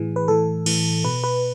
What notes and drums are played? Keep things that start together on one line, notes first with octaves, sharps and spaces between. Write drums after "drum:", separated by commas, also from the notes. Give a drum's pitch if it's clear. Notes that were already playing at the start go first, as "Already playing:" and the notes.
Already playing: A2 E3 G#4
B4
A2 E3 A4
A2 E3, drum: cymbal
B2 B4
B4